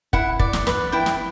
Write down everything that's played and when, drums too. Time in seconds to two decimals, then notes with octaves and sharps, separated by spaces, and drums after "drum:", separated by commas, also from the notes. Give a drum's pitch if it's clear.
0.13 E4 F#5, drum: kick
0.39 D5, drum: kick
0.53 drum: snare
0.67 B4, drum: snare
0.92 E4 G5
1.06 drum: snare